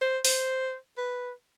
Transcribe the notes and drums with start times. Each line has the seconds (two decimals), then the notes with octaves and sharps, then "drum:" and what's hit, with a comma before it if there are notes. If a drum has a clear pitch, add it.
0.01 C5
0.25 C5, drum: open hi-hat
0.98 B4